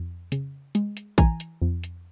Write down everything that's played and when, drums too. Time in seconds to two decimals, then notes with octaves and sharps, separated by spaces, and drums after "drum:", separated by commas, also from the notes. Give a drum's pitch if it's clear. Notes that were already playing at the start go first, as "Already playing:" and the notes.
Already playing: F2
0.32 C#3, drum: hi-hat
0.75 G#3, drum: hi-hat
0.97 drum: hi-hat
1.18 E3 G#5 A#5, drum: kick, hi-hat
1.40 drum: hi-hat
1.62 F2
1.84 drum: hi-hat